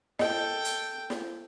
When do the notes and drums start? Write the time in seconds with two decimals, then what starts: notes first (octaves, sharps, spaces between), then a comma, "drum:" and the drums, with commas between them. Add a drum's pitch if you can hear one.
0.19 A4 D#5 G5, drum: snare
0.65 drum: hi-hat
1.10 drum: snare